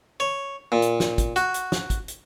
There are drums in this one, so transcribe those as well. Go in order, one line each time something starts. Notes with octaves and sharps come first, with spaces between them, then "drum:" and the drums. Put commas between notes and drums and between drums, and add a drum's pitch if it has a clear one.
C#5
A#2
drum: hi-hat
drum: snare
drum: kick, hi-hat
F#4, drum: hi-hat
drum: hi-hat
drum: snare
drum: kick, hi-hat
drum: hi-hat